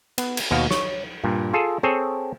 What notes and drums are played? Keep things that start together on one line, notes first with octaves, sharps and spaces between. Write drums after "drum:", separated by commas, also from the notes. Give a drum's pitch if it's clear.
B3, drum: cymbal
drum: cymbal
D#2 B2 F#4 F5
C#5, drum: snare
G2 A#2
F4 G#4 A4
C4 G#4 A4 C#5